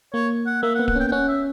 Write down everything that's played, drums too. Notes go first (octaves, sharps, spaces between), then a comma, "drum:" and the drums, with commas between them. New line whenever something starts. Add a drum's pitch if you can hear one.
A#3 C#5
F#5
A#3 E5
F#5
B3
F#5, drum: kick D1
C#4 G5
G5
C#4 F#5
E5